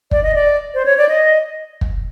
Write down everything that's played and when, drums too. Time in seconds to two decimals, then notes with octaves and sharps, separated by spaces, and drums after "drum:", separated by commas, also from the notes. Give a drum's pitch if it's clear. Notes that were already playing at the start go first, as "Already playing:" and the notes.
0.11 D5, drum: kick
0.23 D#5
0.35 D5
0.74 C5
0.86 C#5
0.98 D5
1.09 D#5
1.81 drum: kick